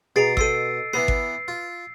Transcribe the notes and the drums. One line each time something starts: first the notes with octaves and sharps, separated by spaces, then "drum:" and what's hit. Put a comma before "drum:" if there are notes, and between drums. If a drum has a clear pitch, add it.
B2 G#4 A#5 A6 C7 D7
A4 C5 D#5 E6 C7 D#7, drum: kick G#1
E3 B3 B4 A#5 C7
drum: kick G#1
F4